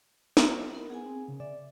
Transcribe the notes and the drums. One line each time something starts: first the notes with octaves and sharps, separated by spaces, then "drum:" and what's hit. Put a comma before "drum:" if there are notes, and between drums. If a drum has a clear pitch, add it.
drum: snare
D#4 E4 A#4
B3 G#4 G#5
C4
C#3
D5 E5